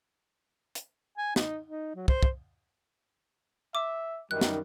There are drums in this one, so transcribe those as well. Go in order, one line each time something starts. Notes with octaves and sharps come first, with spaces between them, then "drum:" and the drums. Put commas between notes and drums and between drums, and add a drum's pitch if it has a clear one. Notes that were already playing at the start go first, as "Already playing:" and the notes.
drum: hi-hat
G#5
D#4, drum: snare
D#4
F#3
C5, drum: kick
drum: kick
E5 D6
F#2 D#3 G3 F#6
drum: snare